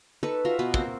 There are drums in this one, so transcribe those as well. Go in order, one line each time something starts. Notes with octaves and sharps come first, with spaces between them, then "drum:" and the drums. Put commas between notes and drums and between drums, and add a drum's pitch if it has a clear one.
D#4 A4 B4 C#6
F4 F#4 E5 A#5
B2 B3 B4
A#3 C4 F#4 C5, drum: kick